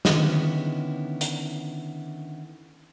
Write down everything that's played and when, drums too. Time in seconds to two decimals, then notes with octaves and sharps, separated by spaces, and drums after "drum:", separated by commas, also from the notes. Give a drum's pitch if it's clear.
0.05 D3 D#3 B3 C#4 E4, drum: snare
1.21 drum: hi-hat